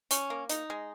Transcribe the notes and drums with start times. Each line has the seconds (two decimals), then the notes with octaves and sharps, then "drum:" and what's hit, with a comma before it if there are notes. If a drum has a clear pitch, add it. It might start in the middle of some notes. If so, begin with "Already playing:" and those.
0.11 C#4, drum: hi-hat
0.30 A#3
0.49 D#4, drum: hi-hat
0.70 G#3